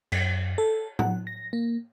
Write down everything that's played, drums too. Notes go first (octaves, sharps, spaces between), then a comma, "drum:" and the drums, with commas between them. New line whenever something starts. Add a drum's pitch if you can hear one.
F#2, drum: cymbal
A4
F#5, drum: tom
A#6
A#3